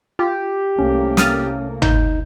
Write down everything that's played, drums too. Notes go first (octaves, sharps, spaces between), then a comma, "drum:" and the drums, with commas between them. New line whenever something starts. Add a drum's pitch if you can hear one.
F4 G4
C2 A3 A#3 C#4
D#6 F6 A6, drum: snare
D#4 G6, drum: tom